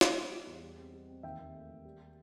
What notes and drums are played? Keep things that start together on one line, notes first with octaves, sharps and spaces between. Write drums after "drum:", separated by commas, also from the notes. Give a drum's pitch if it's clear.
G3 D#5 F#5, drum: snare
G3
G3
E2
G3
C4
G3
C4
D#2 E5 G5
D#2
A3
D#2
G3
G3